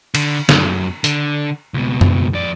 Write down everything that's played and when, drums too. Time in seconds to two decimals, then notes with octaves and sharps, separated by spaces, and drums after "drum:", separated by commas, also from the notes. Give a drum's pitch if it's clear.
0.15 D3, drum: cymbal
0.49 F#2, drum: snare
1.04 D3, drum: hi-hat
1.74 C#2 B2
2.01 drum: tom F#2
2.33 F2 D5